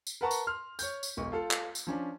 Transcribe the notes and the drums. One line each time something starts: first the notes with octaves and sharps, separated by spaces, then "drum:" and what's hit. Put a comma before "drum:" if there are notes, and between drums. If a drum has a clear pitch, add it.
drum: tambourine
A#4 B4 F#5 A5 A#5 C#6
drum: tambourine
C6 F6
C#5 G6, drum: tambourine
drum: tambourine
E1 B1 C#6
F4 A4 F5
drum: clap
drum: tambourine
F3 C#4 D4